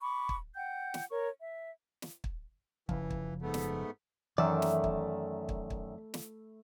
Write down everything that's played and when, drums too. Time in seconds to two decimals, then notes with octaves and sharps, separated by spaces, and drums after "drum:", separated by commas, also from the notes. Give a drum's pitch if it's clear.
0.01 B5 C#6 D6
0.29 drum: kick
0.55 F#5 G5 G6
0.94 drum: snare
1.10 A#4 C#5 C#6
1.40 E5
2.02 drum: snare
2.24 drum: kick
2.89 F#1 C#3 E3 F3, drum: kick
3.10 drum: kick
3.42 G#2 A3 B3
3.54 drum: snare
4.38 F#2 D#3 E3 A3 E4 D5 E5
4.62 drum: snare
4.84 drum: kick
5.49 drum: kick
5.70 drum: kick
6.14 drum: snare